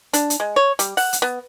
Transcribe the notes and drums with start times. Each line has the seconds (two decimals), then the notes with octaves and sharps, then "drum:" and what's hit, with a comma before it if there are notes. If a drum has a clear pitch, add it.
0.13 D4, drum: hi-hat
0.30 drum: hi-hat
0.40 G#3
0.56 C#5
0.79 G3, drum: hi-hat
0.97 F#5, drum: open hi-hat
1.13 drum: hi-hat
1.22 B3